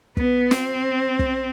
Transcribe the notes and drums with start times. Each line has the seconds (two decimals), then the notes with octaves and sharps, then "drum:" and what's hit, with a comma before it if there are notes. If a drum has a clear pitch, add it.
0.17 B3, drum: kick
0.51 C4, drum: snare
1.19 drum: kick